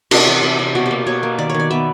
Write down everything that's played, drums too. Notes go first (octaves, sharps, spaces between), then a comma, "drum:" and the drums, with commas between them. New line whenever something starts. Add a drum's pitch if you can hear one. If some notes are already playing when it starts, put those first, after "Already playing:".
C3 F#4, drum: cymbal
E3
C3
C3
B2 F#4
G4
A#3
B2 C#5
A#3
D#3 D5
D#3 C#5
D5
B3 E5